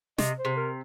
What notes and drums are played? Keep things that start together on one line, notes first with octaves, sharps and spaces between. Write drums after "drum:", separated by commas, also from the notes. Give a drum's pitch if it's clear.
C3 D#5, drum: snare
C5
C3
A#4